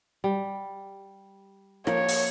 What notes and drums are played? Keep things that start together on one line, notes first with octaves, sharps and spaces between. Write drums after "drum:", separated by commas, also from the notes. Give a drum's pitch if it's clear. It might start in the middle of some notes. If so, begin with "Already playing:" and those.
G3
F3 A#3 C#5, drum: rim click
drum: open hi-hat